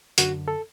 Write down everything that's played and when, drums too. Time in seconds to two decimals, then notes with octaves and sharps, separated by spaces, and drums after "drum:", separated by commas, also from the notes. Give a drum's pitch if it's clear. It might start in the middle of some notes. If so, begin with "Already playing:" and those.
0.18 F#2 D3 F#4, drum: hi-hat
0.48 A4